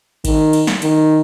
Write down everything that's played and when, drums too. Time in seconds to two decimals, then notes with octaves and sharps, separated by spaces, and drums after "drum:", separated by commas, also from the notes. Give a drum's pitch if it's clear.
0.25 D#3, drum: kick G#1, cymbal
0.53 drum: cymbal
0.67 drum: snare
0.82 D#3, drum: cymbal